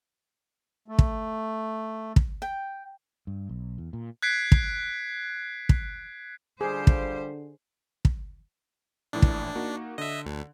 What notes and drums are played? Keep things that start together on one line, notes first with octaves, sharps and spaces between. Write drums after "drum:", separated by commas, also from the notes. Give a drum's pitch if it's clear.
A3
drum: kick
drum: kick
G5
G2
B1
E2
A#2
F#6 G#6 B6 C7 D7
drum: kick
drum: kick
D3 F3 G3 G4 G#4 C5
drum: kick
drum: kick
A#1 A2 E3 D4
drum: kick
A#3 D#4 F#4
D3 D#5 E5
D2